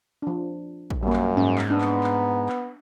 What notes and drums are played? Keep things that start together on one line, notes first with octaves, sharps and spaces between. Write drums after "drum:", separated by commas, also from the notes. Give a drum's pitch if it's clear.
F3 D4
drum: kick
F#2 G3 A#3
drum: clap
G#2 C#4
drum: clap
B3 D4
drum: clap
drum: clap
drum: clap